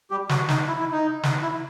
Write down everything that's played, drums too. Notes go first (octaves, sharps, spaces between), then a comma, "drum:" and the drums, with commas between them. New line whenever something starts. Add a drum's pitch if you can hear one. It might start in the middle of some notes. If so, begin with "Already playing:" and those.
G3 G4
F#3 F#4, drum: snare
D#4, drum: snare
E4
E4
D#4
drum: snare
E4